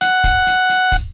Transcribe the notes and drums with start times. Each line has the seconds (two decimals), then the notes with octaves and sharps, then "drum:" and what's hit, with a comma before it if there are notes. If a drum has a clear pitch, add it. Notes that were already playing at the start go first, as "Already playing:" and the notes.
0.01 F#5, drum: hi-hat
0.24 drum: kick, hi-hat
0.46 drum: hi-hat
0.69 drum: hi-hat
0.92 drum: kick, hi-hat